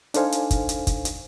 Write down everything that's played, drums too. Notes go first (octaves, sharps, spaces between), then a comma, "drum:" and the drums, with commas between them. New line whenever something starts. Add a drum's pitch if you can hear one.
D4 D#4 A4 C5 F5 G#5, drum: hi-hat
drum: hi-hat
drum: kick, hi-hat
drum: hi-hat
drum: kick, hi-hat
drum: hi-hat